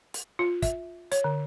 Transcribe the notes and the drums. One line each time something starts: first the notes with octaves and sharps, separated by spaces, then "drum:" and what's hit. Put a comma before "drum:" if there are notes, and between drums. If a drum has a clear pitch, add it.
drum: hi-hat
F4
E5, drum: kick, hi-hat
C#5, drum: hi-hat
D3